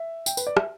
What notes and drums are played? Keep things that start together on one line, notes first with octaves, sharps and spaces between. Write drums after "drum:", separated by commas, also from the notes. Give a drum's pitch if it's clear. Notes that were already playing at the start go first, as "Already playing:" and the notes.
Already playing: E5
G5, drum: tambourine
B4, drum: tambourine
D5
E5, drum: rim click